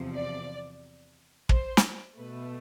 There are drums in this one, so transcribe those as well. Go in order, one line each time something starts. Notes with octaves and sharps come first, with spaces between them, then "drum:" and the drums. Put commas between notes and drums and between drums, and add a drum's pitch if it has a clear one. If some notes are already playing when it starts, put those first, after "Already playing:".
Already playing: E2 C3 F3
D5
C5, drum: kick
drum: snare
B2 A3 B4